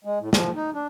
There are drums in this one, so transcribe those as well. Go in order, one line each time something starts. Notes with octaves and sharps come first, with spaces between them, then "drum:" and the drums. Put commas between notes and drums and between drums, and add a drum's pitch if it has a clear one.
G#3
A2
F3, drum: snare
D#4
D4